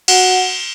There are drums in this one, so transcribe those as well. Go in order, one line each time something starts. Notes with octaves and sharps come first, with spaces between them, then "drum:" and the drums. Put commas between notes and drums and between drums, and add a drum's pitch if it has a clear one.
F#4 F#5, drum: cymbal